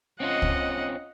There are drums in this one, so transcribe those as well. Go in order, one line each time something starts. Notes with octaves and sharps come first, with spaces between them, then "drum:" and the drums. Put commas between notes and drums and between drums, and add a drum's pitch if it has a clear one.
C4 C#4 F4 D#5 F#5
drum: kick C#2